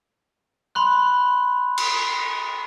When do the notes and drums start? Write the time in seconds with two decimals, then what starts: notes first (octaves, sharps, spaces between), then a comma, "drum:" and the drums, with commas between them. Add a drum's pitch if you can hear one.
0.75 B5 C6 F#6
1.78 drum: cymbal